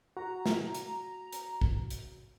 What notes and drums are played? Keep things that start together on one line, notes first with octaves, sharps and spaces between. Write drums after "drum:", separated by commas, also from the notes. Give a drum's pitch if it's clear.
F#4 A#5
drum: snare
drum: hi-hat
drum: hi-hat
drum: kick
drum: hi-hat